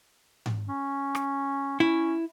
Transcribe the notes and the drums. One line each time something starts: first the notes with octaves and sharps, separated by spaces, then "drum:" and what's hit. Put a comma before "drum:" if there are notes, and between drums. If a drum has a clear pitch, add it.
drum: tom G#2
C#4
drum: rim click
C#4 E4